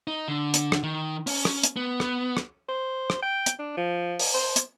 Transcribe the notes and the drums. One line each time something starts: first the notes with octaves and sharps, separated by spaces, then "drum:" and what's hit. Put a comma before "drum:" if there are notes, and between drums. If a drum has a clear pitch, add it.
D#4
D3
drum: hi-hat
drum: rim click
D#3
C#4, drum: open hi-hat
drum: rim click
drum: hi-hat
B3
drum: rim click
drum: rim click
C5
drum: rim click
G5
drum: hi-hat
D4
F3
drum: open hi-hat
C5
drum: hi-hat